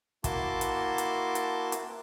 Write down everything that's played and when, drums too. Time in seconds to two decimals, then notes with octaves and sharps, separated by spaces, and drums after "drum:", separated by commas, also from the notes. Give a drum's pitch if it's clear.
0.24 A#3 E4 F#4 A5 C6 D6, drum: kick, hi-hat
0.61 drum: hi-hat
0.98 drum: hi-hat
1.35 drum: hi-hat
1.72 drum: hi-hat